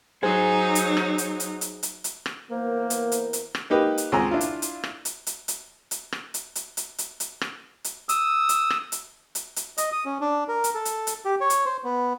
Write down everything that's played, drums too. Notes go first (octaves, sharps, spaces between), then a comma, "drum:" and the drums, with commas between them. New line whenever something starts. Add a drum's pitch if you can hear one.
F#3 D#4 G#4 C5 G#5
drum: hi-hat
drum: rim click
drum: hi-hat
drum: hi-hat
drum: hi-hat
drum: hi-hat
drum: hi-hat
drum: rim click
E3 A#3 B3 A#4 C5
drum: hi-hat
drum: hi-hat
drum: hi-hat
drum: rim click
A#3 D#4 G4 B4
drum: hi-hat
C#2 C4 G#4 G#5 A#5 E6
D4 E4 F4
drum: hi-hat
drum: hi-hat
drum: rim click
drum: hi-hat
drum: hi-hat
drum: hi-hat
drum: hi-hat
drum: rim click
drum: hi-hat
drum: hi-hat
drum: hi-hat
drum: hi-hat
drum: hi-hat
drum: rim click
drum: hi-hat
D#6 E6, drum: hi-hat
drum: hi-hat
drum: rim click
drum: hi-hat
drum: hi-hat
drum: hi-hat
D#5, drum: hi-hat
D#6
C#4
D4
A#4
drum: hi-hat
A4
drum: hi-hat
drum: hi-hat
G4
C#5
drum: hi-hat
C5
B3